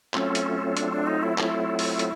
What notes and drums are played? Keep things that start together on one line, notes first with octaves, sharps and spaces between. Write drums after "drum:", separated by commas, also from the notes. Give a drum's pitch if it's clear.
F#3 A3 C4 C#4 F4 A4, drum: clap
drum: hi-hat
D4, drum: hi-hat
D4
D#4
E4
E4, drum: clap
drum: open hi-hat
drum: hi-hat